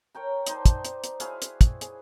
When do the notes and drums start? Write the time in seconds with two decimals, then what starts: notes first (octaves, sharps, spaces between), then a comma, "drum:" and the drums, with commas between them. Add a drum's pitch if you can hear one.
0.15 A#4 C#5 G5 A#5
0.47 D#4 C5 D5 A5, drum: hi-hat
0.66 drum: kick, hi-hat
0.85 drum: hi-hat
1.04 drum: hi-hat
1.20 E4 F#4 G#4 F5, drum: hi-hat
1.42 drum: hi-hat
1.61 drum: kick, hi-hat
1.81 G#4, drum: hi-hat